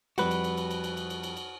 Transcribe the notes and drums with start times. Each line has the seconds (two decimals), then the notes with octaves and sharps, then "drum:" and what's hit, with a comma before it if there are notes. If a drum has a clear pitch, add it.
0.18 F2 G3 F#4 B4, drum: cymbal
0.31 drum: cymbal
0.44 drum: cymbal
0.57 drum: cymbal
0.71 drum: cymbal
0.84 drum: cymbal
0.97 drum: cymbal
1.10 drum: cymbal
1.23 drum: cymbal
1.37 drum: cymbal